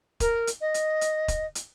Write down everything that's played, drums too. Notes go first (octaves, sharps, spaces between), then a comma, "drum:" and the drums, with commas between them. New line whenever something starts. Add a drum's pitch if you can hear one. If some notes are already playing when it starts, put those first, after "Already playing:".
A#4, drum: kick, hi-hat
drum: hi-hat
D#5
drum: hi-hat
drum: hi-hat
drum: kick, hi-hat
drum: hi-hat